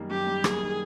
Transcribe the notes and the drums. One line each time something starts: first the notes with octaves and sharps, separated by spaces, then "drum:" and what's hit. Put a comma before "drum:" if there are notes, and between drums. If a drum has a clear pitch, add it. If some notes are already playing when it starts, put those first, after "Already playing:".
Already playing: F#2 D#3 G3 A#3
F#2 G4
G3
A#3 G#4, drum: rim click
D#3